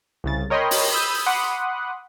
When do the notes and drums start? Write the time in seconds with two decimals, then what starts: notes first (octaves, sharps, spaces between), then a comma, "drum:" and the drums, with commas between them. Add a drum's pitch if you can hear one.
0.24 C2 C#3 A6
0.50 A#4 C#5 D#5 G5 B5 C6
0.71 drum: open hi-hat
0.92 B5 D#6 E6 G6
1.26 F#5 B5 C6 D6 D#6 F#6